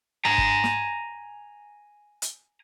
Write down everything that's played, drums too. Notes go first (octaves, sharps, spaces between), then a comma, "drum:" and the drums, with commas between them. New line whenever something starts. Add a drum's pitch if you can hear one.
G#5 A#5, drum: rim click
drum: kick
drum: snare
drum: hi-hat